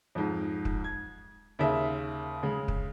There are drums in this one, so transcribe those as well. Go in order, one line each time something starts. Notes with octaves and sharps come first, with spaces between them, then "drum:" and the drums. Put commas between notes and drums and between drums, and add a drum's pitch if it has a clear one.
F2 G#2
drum: kick
G#6
D#2 C#3 E5
C#3 G#3
drum: kick